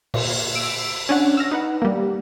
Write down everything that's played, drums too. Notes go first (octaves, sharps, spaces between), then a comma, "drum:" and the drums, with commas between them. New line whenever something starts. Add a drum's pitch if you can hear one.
A#2, drum: cymbal
E6 D7
C#4 D4 F#5
E6 F6 A#6
D#4 B4 F#5
G3 A#3